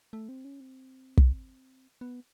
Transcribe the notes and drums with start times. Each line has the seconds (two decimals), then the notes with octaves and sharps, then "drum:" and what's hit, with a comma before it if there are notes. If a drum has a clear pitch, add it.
0.13 A3
0.29 C4
0.45 C#4
0.60 C4
1.17 drum: kick
2.01 B3